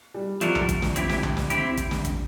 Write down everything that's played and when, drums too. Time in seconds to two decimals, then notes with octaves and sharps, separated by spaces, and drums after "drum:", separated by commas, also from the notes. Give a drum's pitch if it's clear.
0.14 G3
0.41 F3 A3 D4 F#4 A#4, drum: hi-hat
0.55 drum: tom C2
0.69 drum: kick, hi-hat
0.82 drum: snare
0.96 C4 E4 G4, drum: kick, hi-hat
1.09 drum: snare
1.23 drum: tom C2
1.37 drum: snare
1.50 C4 E4 G4, drum: hi-hat
1.77 drum: kick, hi-hat
1.91 drum: snare
2.05 drum: kick, hi-hat